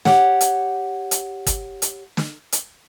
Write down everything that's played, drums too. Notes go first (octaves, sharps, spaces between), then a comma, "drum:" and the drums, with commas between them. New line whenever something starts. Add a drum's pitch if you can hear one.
G4 C#5 F#5, drum: snare
drum: hi-hat
drum: hi-hat
drum: kick, hi-hat
drum: hi-hat
drum: snare
drum: hi-hat